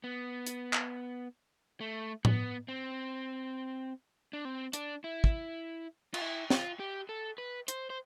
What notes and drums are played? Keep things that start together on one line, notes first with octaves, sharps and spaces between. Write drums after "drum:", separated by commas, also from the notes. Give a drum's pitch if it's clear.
B3
drum: hi-hat
drum: clap
A3
B3, drum: tom A2
C4
D4
C4
D4, drum: hi-hat
E4
drum: kick
F4, drum: cymbal
E4
F4, drum: snare
G4
A4
B4
C5, drum: hi-hat
C5